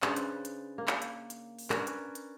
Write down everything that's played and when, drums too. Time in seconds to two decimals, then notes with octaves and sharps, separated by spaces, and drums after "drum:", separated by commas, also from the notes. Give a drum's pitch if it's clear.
0.02 C#3 D4 B4 C5, drum: clap
0.16 drum: hi-hat
0.45 drum: hi-hat
0.78 A#3
0.87 drum: clap
1.02 drum: hi-hat
1.30 drum: hi-hat
1.59 drum: open hi-hat
1.70 C#4 D4 A#4 B4, drum: clap
1.87 drum: hi-hat
2.15 drum: hi-hat